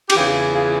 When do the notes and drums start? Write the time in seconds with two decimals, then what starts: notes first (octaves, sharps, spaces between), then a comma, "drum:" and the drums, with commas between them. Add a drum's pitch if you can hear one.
0.10 G4, drum: cymbal
0.16 E2 C#3 E3 F4 G#4
0.53 F4 G#4